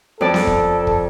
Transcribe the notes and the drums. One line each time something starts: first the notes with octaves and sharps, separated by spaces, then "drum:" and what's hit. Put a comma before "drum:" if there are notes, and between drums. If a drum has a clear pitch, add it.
F2 A4 D5 A5
drum: snare B3
drum: kick
drum: kick